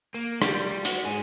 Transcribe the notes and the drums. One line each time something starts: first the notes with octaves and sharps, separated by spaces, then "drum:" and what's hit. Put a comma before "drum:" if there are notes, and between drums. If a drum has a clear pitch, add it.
A#3
G3, drum: rim click
F#4, drum: hi-hat
G#2 G#4